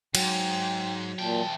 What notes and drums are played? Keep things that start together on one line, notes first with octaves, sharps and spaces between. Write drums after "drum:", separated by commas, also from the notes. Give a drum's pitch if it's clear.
G#2 F#3 G5, drum: cymbal
E2 A#2 G5 A5